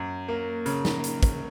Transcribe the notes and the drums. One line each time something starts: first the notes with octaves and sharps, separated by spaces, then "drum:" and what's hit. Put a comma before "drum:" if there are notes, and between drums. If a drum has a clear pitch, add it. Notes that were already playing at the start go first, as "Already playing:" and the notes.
Already playing: F#2
A#3
C#3, drum: hi-hat
drum: snare
drum: hi-hat
drum: kick, hi-hat